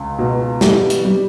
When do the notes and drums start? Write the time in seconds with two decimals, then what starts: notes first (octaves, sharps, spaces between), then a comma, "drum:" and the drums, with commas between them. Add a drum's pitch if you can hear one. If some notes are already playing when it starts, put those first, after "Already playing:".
Already playing: C#2
0.18 B2
0.61 G3, drum: snare
0.90 drum: hi-hat
1.05 G3